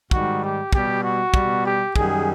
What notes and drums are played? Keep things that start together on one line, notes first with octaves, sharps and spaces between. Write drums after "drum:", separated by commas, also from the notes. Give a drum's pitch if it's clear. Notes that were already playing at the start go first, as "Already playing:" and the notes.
G#2 D#3 G3 F#4, drum: kick
G4
B2 G3 G4, drum: kick
F#4
B2 G3, drum: kick
G4
F#2 D#3 G3 G#4, drum: kick